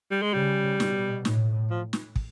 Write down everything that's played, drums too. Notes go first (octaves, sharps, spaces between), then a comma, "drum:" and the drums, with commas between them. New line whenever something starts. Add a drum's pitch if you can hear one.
G3
G#3
C#3 G3
B2, drum: snare
A2, drum: snare
F3
drum: snare
drum: kick